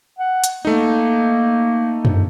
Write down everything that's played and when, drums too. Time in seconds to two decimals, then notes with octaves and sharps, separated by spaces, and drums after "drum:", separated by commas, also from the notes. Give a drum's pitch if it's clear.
0.19 F#5
0.44 drum: hi-hat
0.65 A3 A#3 D#4
2.05 drum: tom F#2